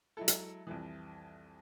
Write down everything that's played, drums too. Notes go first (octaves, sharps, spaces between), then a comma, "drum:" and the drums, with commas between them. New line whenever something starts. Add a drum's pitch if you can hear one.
F#3 G#3 E4 A4
drum: hi-hat
C2 F2 E3